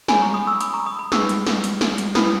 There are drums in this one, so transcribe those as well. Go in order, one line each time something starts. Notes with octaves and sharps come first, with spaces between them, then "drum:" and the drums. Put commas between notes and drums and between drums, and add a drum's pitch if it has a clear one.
C#4 G#4 C#5 G#5 B5, drum: snare
A#5 C#6
B5 D#6
C#6 E6
B5 D#6, drum: hi-hat
A#5 C#6
B5 D#6
B5 D#6
D#4 G#4 B4 C#6 E6, drum: snare
drum: hi-hat
drum: snare
drum: hi-hat
drum: snare
drum: hi-hat
E4 B4 B5 D#6, drum: snare